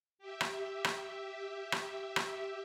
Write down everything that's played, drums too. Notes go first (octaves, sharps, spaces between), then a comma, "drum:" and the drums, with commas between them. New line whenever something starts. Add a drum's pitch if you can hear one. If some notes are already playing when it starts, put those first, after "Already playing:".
G4 E5
drum: rim click
drum: rim click
drum: rim click
drum: rim click